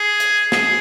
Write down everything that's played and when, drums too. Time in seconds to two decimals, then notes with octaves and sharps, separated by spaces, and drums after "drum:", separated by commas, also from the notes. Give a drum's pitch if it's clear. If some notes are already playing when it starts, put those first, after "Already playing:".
Already playing: G#4
0.20 drum: hi-hat
0.52 G#4, drum: snare